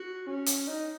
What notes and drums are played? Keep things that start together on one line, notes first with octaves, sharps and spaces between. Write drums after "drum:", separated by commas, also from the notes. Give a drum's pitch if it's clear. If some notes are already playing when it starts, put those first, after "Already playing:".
Already playing: F#4
C#4
drum: hi-hat
D#4